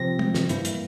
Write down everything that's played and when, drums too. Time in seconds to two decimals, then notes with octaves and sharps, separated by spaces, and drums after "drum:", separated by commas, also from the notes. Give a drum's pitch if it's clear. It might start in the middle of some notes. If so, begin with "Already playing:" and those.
Already playing: C3 F3 C4 A#6
0.19 drum: tom
0.34 drum: snare
0.49 G2 E3 A#3 E4, drum: hi-hat
0.65 drum: hi-hat